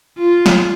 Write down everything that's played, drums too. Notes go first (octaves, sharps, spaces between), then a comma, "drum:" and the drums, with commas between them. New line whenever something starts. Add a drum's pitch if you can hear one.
F4
drum: snare